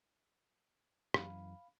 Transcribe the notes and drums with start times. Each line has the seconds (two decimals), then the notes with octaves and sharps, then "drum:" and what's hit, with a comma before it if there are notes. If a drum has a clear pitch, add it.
1.14 F#2 E3 F5 B5, drum: rim click